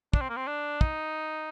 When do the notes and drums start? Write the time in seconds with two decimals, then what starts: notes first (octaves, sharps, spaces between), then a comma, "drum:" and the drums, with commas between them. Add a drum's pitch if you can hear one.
0.13 D4, drum: kick
0.21 C4
0.29 A#3
0.36 C4
0.47 D4
0.81 D#4, drum: kick